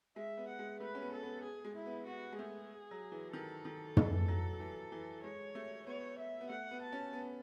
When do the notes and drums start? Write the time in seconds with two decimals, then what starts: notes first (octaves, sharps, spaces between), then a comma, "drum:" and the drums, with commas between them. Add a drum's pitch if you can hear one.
0.16 G#3 E5
0.37 B3
0.48 F#5
0.59 G#3
0.80 A3 B4
0.95 C#4
1.02 B3
1.12 A4
1.23 B3
1.43 G#4
1.65 G#3
1.76 E4
1.86 B3
2.07 B3 F#4
2.32 G#3
2.38 A3 G#4
2.91 F#3
3.12 E3
3.33 D#3 A4
3.65 D#3
3.97 E3, drum: tom
4.28 F#3
4.60 E3
4.92 E3
5.23 G#3 C#5
5.55 A3
5.87 B3 C#5
6.19 E5
6.41 B3
6.49 A3 F#5
6.71 B3
6.82 A5
6.92 C#4
7.13 B3